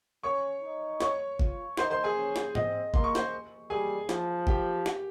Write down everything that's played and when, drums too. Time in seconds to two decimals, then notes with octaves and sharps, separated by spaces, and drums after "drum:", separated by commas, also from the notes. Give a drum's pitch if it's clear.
0.23 C#4 C#5 C#6
0.63 D#4
1.00 C#5 C#6, drum: snare
1.39 F4, drum: kick F#1
1.77 D#4 C5 C6, drum: snare
1.90 C5 C6
2.04 G#4 G#5
2.16 C#4
2.36 drum: snare
2.55 C4 D#5, drum: tom G#2
2.94 A#3 C6, drum: kick F#1
3.04 C#6
3.15 C5 C6, drum: snare
3.70 G3 G#4 G#5
4.09 F3, drum: snare
4.47 G4 G5, drum: kick F#1
4.86 drum: snare